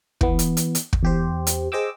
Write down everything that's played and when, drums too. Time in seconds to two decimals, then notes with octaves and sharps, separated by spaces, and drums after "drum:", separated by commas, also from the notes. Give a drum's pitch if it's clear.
0.21 E3 B3, drum: kick
0.39 drum: hi-hat
0.57 drum: hi-hat
0.75 drum: hi-hat
0.93 drum: kick
1.03 E2 G4 C5
1.47 drum: hi-hat
1.72 G#4 C5 D#5 G5 D6 E6